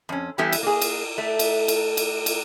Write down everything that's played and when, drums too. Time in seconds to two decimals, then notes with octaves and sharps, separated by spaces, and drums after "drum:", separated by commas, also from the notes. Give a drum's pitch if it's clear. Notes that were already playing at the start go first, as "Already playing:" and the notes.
0.09 F2 C#4
0.38 E3 G3 B3 E4 G4 A4
0.53 drum: cymbal
0.63 A#3 G#4
0.81 drum: cymbal
1.18 A3
1.39 drum: cymbal
1.68 drum: cymbal
1.97 drum: cymbal
2.26 drum: cymbal